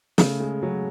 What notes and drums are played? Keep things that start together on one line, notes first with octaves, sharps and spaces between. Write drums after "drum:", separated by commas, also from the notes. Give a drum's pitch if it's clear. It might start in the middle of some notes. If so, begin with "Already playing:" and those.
C#3 A3, drum: snare
G#3
C#3 F#3